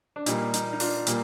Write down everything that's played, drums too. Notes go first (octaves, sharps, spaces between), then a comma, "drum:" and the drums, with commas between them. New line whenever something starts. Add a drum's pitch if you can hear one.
D4
A#2 G3 A#3 D#4, drum: hi-hat
D#4, drum: hi-hat
D#4
D4 F4, drum: open hi-hat
A#2 G3 A#3, drum: hi-hat